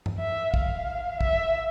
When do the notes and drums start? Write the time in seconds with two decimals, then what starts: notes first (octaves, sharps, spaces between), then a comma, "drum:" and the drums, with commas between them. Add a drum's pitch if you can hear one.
0.06 drum: tom G2
0.20 E5
0.54 F5, drum: kick
1.21 E5, drum: kick